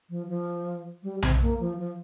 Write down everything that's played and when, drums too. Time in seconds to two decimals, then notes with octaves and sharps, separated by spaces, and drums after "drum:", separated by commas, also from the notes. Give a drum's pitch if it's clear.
0.10 F3
0.28 F3
1.03 G3
1.22 C4, drum: tom B1
1.41 A#3
1.60 F3
1.78 F3